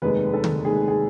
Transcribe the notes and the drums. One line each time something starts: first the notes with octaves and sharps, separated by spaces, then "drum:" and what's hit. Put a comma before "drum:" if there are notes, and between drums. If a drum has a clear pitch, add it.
F1 D#2 D#3 G#3 B4
A4
drum: tom D3
F1 D#2 D#3 G#3 G#4
G#4